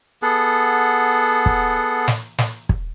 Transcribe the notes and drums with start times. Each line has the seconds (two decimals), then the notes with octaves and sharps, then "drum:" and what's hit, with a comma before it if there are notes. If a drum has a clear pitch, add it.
0.22 B3 G#4 A4 F#5
1.46 drum: kick
2.08 drum: snare
2.38 drum: snare
2.69 drum: kick